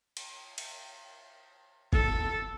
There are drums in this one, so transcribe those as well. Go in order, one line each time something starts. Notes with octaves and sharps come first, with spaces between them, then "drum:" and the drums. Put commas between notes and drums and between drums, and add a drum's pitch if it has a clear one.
drum: cymbal
drum: cymbal
A4, drum: kick G1